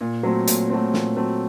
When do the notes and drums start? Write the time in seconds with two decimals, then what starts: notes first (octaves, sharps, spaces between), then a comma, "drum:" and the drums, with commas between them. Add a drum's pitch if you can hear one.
0.01 A#2
0.23 F#3 A3 C4
0.47 A#2, drum: hi-hat
0.70 F#3 A3 C4
0.93 A#2, drum: snare
1.17 F#3 A3 C4